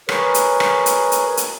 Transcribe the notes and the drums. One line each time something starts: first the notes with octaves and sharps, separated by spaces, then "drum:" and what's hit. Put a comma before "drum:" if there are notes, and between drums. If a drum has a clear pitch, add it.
G#4 A#4 B4 C#5, drum: rim click
drum: hi-hat
drum: rim click
drum: hi-hat
drum: hi-hat
drum: hi-hat